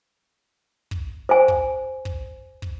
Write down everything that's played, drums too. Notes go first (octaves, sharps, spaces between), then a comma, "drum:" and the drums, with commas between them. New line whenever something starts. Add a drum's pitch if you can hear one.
drum: kick
C5 G#5
drum: kick
drum: kick
drum: kick